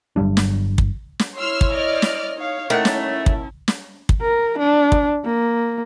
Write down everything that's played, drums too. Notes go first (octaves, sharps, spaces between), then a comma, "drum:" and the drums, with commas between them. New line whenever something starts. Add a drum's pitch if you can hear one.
G1 F#3 G3 D4
drum: snare
drum: kick
drum: snare
E4 C#5 C6 E6 F6
drum: kick
D5 D#5 F6
drum: snare
D#4 C#5 F5
D#3 A3 A#3 C#4 E4 F#5
drum: snare
drum: kick
drum: snare
drum: kick
A#4
D4
drum: kick
A#3